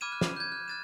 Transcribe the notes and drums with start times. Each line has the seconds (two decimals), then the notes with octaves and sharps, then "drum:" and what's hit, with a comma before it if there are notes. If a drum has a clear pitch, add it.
0.01 B5 D6 F6 G#6 D#7 E7
0.12 F#6
0.21 drum: snare
0.37 G6 G#6
0.52 F#6
0.68 F#6 A6 E7